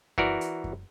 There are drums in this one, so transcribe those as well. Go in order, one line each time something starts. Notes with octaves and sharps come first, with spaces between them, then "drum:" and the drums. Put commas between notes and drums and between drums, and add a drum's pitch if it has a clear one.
E3 F#4 A#4 D5, drum: kick F#2
drum: hi-hat
drum: kick F#2